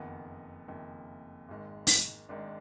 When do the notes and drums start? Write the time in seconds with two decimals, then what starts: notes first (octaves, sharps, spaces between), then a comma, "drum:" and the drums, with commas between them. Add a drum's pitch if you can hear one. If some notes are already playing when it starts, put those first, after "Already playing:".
Already playing: F#1 F2 D#3 B3
0.68 F#1 F2 D#3
1.49 G#1 G#2 D#3
1.87 drum: open hi-hat
2.29 G#1 G#2 D#3 D4